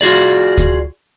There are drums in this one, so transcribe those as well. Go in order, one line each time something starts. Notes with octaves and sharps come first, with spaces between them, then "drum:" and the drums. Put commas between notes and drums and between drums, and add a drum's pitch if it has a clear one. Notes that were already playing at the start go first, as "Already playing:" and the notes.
F4 F#4 G#4 D5
drum: kick D2, hi-hat